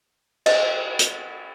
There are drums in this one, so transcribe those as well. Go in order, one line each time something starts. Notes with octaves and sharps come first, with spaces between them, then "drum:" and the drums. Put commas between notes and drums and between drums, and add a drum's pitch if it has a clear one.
D#5, drum: cymbal
drum: hi-hat